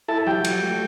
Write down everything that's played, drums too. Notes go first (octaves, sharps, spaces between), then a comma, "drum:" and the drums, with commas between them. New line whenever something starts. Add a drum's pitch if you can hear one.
E4 A4 A5
F#3 G4 G5
F#3, drum: cymbal
A3